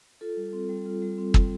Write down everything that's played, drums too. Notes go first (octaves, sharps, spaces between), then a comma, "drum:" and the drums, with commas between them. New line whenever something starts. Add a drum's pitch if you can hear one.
F4 A4
G3
C4
G3
F4
G3
C4
G3, drum: kick